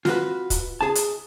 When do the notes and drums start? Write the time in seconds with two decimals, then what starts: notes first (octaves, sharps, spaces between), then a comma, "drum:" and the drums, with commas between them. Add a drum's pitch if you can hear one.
0.05 F4 F#4 B4, drum: snare
0.50 drum: kick, hi-hat
0.81 G#4 A5
0.95 drum: hi-hat